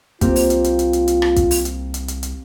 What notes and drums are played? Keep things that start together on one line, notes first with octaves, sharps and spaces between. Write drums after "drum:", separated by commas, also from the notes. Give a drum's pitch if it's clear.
C2 A#3 C4 F4 G4, drum: kick, hi-hat
drum: open hi-hat
drum: hi-hat
drum: hi-hat
drum: hi-hat
drum: hi-hat
drum: hi-hat
drum: rim click
drum: kick, hi-hat
drum: open hi-hat
drum: hi-hat
drum: hi-hat
drum: hi-hat
drum: hi-hat